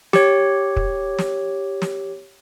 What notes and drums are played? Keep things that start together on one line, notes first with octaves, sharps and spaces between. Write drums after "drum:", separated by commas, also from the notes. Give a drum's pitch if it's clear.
G4 C#5, drum: snare
drum: kick
drum: snare
drum: snare